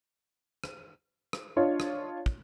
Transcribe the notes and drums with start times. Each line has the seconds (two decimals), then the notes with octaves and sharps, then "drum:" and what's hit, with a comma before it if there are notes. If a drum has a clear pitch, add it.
0.64 drum: rim click
1.33 drum: rim click
1.56 D4 F4 C#5 D#5
1.80 drum: rim click
2.26 drum: kick